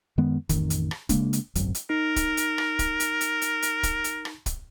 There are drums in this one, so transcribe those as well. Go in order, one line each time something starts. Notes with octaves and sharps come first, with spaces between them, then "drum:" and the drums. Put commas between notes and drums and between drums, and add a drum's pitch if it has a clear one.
F#2 D#3 G#3 B3
A1 F2 B2 D#3, drum: kick, hi-hat
drum: hi-hat
drum: rim click
C#3 G#3 A#3 D4, drum: kick, hi-hat
drum: hi-hat
D1 G#1 F#2, drum: hi-hat
drum: hi-hat
D#4 A#4
drum: kick, hi-hat
drum: hi-hat
drum: rim click
drum: kick, hi-hat
drum: hi-hat
drum: hi-hat
drum: hi-hat
drum: hi-hat
drum: kick, hi-hat
drum: hi-hat
drum: rim click
drum: kick, hi-hat